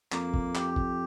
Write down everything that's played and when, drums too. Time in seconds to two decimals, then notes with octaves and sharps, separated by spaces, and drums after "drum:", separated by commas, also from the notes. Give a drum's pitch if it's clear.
0.12 F2 A#3, drum: clap
0.34 drum: kick G1
0.55 G4, drum: clap
0.76 drum: kick G1